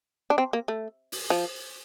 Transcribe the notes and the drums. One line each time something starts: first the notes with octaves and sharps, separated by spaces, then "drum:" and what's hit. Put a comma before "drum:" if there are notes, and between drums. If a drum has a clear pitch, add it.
D4
C4
A#3
A3
drum: open hi-hat
F3